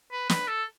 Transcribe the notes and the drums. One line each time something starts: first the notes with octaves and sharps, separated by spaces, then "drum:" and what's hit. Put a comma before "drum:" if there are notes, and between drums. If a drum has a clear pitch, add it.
B4
B4, drum: snare
A4